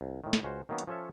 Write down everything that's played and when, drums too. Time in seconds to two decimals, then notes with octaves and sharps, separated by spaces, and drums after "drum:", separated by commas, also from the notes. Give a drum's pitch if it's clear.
0.01 C2
0.24 A2 D#3
0.33 drum: snare
0.43 C#2 C#4 F#4 C5
0.69 D#3 F#3 A#3 B3 C#4
0.78 drum: hi-hat
0.87 F3 C#4 A4 C#5 E5